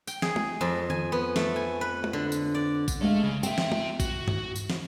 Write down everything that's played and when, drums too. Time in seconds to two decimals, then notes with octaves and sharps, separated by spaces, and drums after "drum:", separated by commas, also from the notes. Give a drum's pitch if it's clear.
0.07 G5, drum: tambourine
0.22 G#4, drum: snare
0.36 drum: tom
0.61 F2
0.90 G#5, drum: tom D#3
1.12 B3
1.36 A3, drum: snare
1.56 G#5
1.81 B4
2.04 drum: tom
2.13 D3
2.32 drum: tambourine
2.55 D5
2.88 drum: kick, tambourine
3.01 G#3 A3 F5
3.23 C#3
3.43 C4 E5 G5, drum: tambourine
3.58 drum: snare
3.72 drum: tom
4.00 F#4, drum: kick, tambourine
4.28 drum: tom G2
4.56 drum: tambourine
4.70 drum: snare